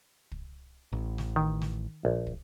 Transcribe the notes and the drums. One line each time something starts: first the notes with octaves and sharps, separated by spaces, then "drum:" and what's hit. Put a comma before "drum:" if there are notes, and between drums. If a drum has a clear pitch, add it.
drum: kick
A1
drum: snare
D#3
drum: snare
A#1
drum: kick